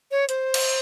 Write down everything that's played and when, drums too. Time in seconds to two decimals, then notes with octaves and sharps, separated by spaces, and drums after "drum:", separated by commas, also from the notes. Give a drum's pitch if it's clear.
0.11 C#5
0.29 C5, drum: hi-hat
0.54 drum: cymbal